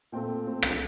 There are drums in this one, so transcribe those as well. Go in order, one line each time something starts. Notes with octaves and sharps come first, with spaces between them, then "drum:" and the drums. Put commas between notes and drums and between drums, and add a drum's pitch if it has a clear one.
A#2 A3 C4 G5
A#2 A3 C4
drum: rim click